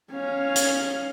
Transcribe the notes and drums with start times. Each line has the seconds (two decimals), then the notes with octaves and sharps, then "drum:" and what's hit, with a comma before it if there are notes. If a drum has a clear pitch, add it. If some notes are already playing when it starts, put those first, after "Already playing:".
0.12 C#4 F5
0.56 drum: hi-hat